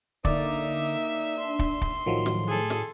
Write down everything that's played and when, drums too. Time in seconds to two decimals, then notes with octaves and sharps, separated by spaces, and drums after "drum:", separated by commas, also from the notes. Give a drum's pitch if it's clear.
0.25 D3 A#3 D#4 D5 E5, drum: kick
1.39 D4 C6
1.59 drum: kick
1.81 drum: kick
2.06 A2 D#3 F3 F#3
2.26 drum: snare
2.48 G#4 A4
2.70 drum: snare